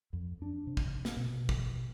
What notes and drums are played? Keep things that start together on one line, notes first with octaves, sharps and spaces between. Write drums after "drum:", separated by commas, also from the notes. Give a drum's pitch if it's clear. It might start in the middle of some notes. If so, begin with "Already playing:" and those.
F2
D4
C3
drum: kick
drum: snare
B2
drum: kick